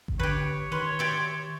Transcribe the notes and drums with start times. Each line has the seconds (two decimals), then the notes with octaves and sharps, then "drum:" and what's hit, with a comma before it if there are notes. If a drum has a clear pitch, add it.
0.08 drum: kick G#1
0.19 D3 G4 B4 C#5
0.72 D#3 B4 C6
0.99 G4 D5 E5